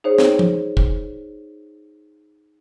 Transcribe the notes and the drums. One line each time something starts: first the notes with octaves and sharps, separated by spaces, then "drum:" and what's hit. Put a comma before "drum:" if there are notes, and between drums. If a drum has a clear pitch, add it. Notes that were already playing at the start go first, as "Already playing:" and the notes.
D#4 G#4 C5 C#5
drum: snare
drum: tom
drum: kick